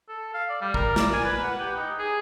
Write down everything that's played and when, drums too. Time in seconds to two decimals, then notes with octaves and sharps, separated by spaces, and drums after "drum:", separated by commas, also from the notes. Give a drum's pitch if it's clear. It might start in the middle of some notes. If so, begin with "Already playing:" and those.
0.09 A4
0.34 F5
0.49 D5
0.61 G3
0.74 A#4, drum: kick
0.96 D5, drum: snare
1.13 G#5
1.24 B4
1.43 F#5
1.59 G4
1.76 D#4
1.99 G#4